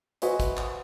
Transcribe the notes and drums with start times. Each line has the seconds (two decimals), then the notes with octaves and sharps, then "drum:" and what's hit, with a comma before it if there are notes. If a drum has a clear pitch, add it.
0.22 F#4 B4 C5 D#5 E5 G#5, drum: hi-hat
0.40 drum: kick, hi-hat
0.57 drum: clap